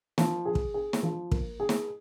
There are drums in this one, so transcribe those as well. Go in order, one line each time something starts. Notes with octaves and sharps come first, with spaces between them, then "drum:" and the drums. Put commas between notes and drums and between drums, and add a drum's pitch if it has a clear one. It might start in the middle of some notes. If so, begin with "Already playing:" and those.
F3, drum: snare
G#4
drum: kick
G#4
drum: snare
F3
A#3, drum: kick
G#4
drum: snare